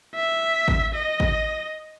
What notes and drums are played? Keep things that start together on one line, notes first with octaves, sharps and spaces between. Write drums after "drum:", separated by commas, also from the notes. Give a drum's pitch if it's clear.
E5
drum: kick A1
D#5
drum: kick A1